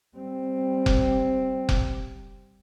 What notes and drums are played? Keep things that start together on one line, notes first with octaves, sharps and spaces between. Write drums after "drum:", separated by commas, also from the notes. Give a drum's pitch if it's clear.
G3 C4
drum: kick F1
drum: kick F1